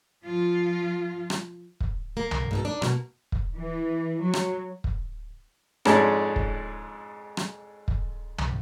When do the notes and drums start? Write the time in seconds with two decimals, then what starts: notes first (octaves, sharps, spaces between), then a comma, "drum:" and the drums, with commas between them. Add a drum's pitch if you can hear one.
0.24 F3 F4
1.30 drum: rim click
1.80 drum: kick
2.17 A#3
2.31 drum: tom
2.51 G#2 B2 A4
2.65 D4 D#4
2.82 B2 A#3, drum: rim click
3.32 drum: kick
3.56 E3
4.21 F#3
4.33 drum: rim click
4.84 drum: kick
5.85 F2 G#2 G#3 C#4 D4 A5, drum: rim click
6.36 drum: kick
7.37 drum: rim click
7.88 drum: kick
8.38 drum: tom